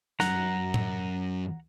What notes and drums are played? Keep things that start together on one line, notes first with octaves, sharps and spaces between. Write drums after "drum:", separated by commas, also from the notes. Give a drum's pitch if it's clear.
F#2 F#5 A#5, drum: snare
drum: tom A2